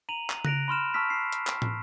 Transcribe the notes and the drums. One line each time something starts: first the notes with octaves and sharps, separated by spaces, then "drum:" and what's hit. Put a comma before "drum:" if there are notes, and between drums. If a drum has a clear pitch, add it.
A#5 D#7 F7 F#7
drum: clap
F#6 A#6 D7 F7, drum: tom C#3
B5 C6 F6 E7
A5 C#6 E6 F6 B6
C7
drum: hi-hat
drum: clap
drum: tom